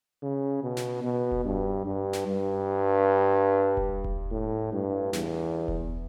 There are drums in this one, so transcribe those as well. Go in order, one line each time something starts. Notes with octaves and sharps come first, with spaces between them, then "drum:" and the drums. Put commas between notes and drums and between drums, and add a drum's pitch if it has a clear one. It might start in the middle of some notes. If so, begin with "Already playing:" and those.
C#3
B2
drum: snare
B2
drum: kick E1
G2
G2
drum: snare
G2
drum: kick E1
drum: kick E1
A2
G2
E2, drum: snare
drum: kick E1